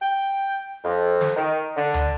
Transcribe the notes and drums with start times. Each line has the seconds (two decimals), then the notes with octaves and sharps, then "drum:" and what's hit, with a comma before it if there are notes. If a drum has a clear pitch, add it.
0.01 G5
0.84 F2
1.21 drum: snare
1.36 D#3
1.76 D3
1.94 drum: tom D2